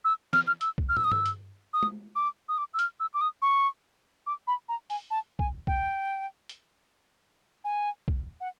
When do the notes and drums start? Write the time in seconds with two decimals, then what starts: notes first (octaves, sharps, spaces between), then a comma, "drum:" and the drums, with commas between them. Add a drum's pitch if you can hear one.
0.05 E6
0.33 F6, drum: snare
0.47 F6
0.61 E6, drum: hi-hat
0.78 drum: kick
0.89 F6
0.97 E6, drum: tom
1.04 D#6
1.12 E6, drum: tom G2
1.26 drum: hi-hat
1.73 D#6
1.83 drum: tom G#3
2.16 D6
2.49 D#6
2.58 D6
2.74 E6
2.79 F6, drum: hi-hat
3.00 E6
3.14 D6
3.21 D#6
3.42 C#6
4.27 D6
4.47 B5
4.69 A#5
4.90 G#5, drum: open hi-hat
5.11 A5
5.39 G#5, drum: kick
5.67 G5, drum: kick
6.49 drum: hi-hat
7.64 G#5
8.08 drum: kick
8.40 F#5